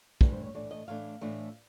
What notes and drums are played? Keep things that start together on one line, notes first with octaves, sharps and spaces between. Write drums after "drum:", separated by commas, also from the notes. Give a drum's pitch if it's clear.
A2 E3 A3 D4 B4, drum: kick
C5
C#5
A2 E3 A3 D4 D5
D#5
A2 E3 A3 D4 F5
A2 E3 A3 D4